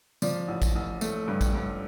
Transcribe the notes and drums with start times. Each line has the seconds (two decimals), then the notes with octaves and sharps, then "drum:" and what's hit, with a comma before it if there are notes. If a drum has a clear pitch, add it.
0.22 F3 D5, drum: tambourine
0.48 A1
0.62 drum: kick, tambourine
0.75 A1
1.01 A3, drum: tambourine
1.28 G2
1.41 drum: kick, tambourine
1.54 G2